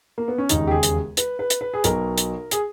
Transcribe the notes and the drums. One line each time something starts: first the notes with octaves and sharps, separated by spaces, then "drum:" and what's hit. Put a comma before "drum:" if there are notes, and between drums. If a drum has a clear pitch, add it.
A#3
B3
C#4
E1 D#2 C#3 D#4, drum: hi-hat
G4
G#4
drum: hi-hat
B4, drum: hi-hat
B4
drum: hi-hat
B4
G#4
B1 B2 A#4, drum: hi-hat
drum: hi-hat
G#4, drum: hi-hat